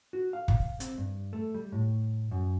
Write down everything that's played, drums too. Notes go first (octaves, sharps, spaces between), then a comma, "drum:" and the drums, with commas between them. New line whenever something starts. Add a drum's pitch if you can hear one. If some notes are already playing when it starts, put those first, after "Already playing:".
F#4
F5
drum: kick
C4, drum: hi-hat
G2
A3
G3
A2
F#2